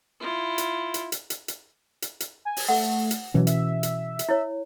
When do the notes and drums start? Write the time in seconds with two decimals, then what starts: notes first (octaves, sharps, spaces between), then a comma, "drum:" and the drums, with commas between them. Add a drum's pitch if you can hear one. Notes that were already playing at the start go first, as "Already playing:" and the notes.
0.20 E4 F4
0.58 drum: hi-hat
0.94 drum: hi-hat
1.12 drum: hi-hat
1.30 drum: hi-hat
1.48 drum: hi-hat
2.02 drum: hi-hat
2.20 drum: hi-hat
2.45 G#5
2.57 drum: open hi-hat
2.68 A3 F#5
3.11 drum: hi-hat
3.34 B2 E3 F#3 C#4
3.47 E5, drum: hi-hat
3.83 drum: hi-hat
4.19 drum: hi-hat
4.29 E4 C#5